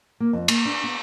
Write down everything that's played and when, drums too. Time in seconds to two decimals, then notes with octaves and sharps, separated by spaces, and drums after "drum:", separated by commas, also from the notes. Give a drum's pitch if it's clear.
0.20 A#3
0.33 F2
0.48 A#3, drum: cymbal
0.65 D4
0.84 B3